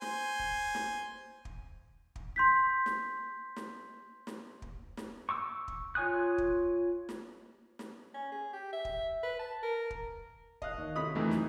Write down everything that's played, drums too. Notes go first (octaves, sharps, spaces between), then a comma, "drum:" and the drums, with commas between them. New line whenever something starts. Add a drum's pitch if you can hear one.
C5 G#5, drum: snare
drum: kick
drum: snare
drum: kick
drum: kick
C6 G6 B6
drum: snare
drum: snare
drum: snare
drum: kick
drum: snare
C#6 D6 E6
drum: kick
F4 C#5 G#5 D#6 F#6
drum: kick
drum: snare
drum: snare
C#4
G#4
G4
E5
drum: kick
B4
A5
A#4
drum: kick
D#5 F5 F#6, drum: kick
D#2 C#5
C3 A4 C#5 B5 D#6
F2 E3 F#3 A3 A#3 D#4 E4
drum: snare